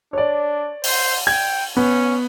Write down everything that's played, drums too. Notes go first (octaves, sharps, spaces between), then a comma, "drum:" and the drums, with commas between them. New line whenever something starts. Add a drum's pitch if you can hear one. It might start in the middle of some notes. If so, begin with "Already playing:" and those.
D4 C#5 D5
C5, drum: open hi-hat
G5 G#6
B3 C#4